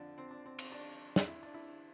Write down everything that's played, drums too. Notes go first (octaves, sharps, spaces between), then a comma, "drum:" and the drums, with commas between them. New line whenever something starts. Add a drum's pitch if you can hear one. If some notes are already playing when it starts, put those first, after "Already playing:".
Already playing: F2 D3 F3 D4
C4
D4
C4
C4, drum: cymbal
D4
drum: snare
E4
D4
E4